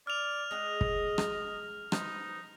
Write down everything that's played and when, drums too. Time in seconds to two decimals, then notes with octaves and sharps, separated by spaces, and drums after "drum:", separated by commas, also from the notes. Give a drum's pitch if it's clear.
0.07 D5 F6 F7
0.51 G#3 G#4 D#5 F#5
0.81 drum: kick
1.18 drum: rim click
1.92 D#4 B4 C5 D#5, drum: rim click